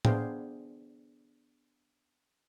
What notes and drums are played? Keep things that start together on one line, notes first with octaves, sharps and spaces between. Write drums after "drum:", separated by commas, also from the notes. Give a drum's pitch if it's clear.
B3 D4 G#4 C5 F5 G5, drum: tom A2